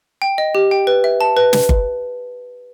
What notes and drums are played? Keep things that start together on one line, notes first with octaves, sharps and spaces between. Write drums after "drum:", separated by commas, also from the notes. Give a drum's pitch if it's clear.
G5
D#5
G4
G5
B4
E5
A5
B4
drum: snare
drum: kick G1